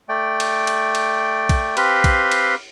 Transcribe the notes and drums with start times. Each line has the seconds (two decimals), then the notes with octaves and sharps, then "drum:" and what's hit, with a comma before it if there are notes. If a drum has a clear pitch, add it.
0.09 A3 D5 G5
0.40 drum: cymbal
0.67 drum: cymbal
0.95 drum: cymbal
1.49 drum: kick, cymbal
1.77 C4 G4 B4 F5 B5 C6, drum: cymbal
2.04 drum: kick, cymbal
2.31 drum: cymbal